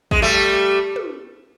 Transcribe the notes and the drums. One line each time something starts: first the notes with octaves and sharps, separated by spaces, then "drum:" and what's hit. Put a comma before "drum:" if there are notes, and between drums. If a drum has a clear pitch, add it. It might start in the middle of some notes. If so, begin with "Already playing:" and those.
G#3, drum: kick
G3 A3
drum: tom